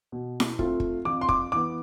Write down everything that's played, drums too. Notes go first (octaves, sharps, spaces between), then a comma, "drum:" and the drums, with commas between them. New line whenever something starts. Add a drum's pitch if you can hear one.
B2
drum: snare E4
A3 C4 F4, drum: kick
drum: kick
F2 D6
C6
D6, drum: kick
E3 B3 D6